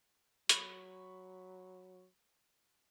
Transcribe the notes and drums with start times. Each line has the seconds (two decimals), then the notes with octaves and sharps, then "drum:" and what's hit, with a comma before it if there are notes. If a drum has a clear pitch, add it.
0.49 F#3 B5 C#6, drum: hi-hat